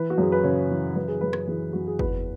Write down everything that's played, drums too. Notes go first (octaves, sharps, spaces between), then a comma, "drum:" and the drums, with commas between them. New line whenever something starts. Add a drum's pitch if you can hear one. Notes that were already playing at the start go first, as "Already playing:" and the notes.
Already playing: E3 B4
F#4
F#2 G#4
B4
C#3 C#5
E3
F#2 B4
G#4
F#2 B4
drum: rim click
E3 G#4
F#2 F#4
G#4
E2 B4, drum: kick